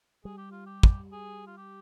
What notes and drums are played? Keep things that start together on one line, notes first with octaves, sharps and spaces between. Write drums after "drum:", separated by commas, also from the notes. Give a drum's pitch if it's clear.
G3 G#4
G4
F4
G4
drum: kick
G#4
F4
G4